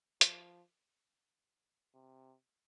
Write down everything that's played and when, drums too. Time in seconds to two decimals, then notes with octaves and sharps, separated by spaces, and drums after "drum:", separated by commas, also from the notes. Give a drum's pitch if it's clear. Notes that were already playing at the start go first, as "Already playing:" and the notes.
0.21 F3, drum: hi-hat
1.94 C3